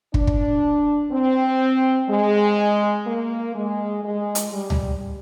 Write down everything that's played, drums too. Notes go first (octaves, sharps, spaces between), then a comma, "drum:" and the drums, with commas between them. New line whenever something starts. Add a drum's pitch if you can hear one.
D4, drum: kick
drum: kick
C4
G#3
A#3
G#3
G#3
drum: hi-hat
G3
drum: tom C#2